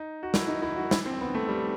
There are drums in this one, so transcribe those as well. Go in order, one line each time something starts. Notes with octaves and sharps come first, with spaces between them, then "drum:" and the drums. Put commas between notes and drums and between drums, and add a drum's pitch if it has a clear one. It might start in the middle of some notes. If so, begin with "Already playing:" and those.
Already playing: D#4
F#4
E4, drum: snare
D#4
E4
F#4
E4, drum: snare
C4
B3
A3
G3